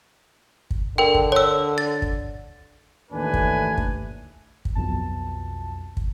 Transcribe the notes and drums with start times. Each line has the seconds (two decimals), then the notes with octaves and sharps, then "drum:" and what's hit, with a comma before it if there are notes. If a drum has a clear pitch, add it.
0.71 drum: kick
0.98 D3 A#4 G5
1.14 drum: kick
1.32 C#5 E6
1.78 A6
2.02 drum: kick
3.12 A1 D#2 A3 D4 B4 G#5
3.34 drum: kick
3.77 drum: kick
4.65 drum: kick
4.75 B1 F2 B2 A5
5.97 drum: kick